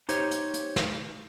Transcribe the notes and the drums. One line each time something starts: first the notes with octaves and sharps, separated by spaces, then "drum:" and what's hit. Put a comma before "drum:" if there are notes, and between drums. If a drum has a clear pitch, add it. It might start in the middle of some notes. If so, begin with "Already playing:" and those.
D#4 G4 C5 C#5, drum: hi-hat
drum: hi-hat
drum: hi-hat
drum: snare